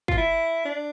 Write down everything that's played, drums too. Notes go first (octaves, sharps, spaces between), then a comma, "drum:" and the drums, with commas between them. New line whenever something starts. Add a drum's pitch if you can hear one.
F4, drum: kick
E4
D4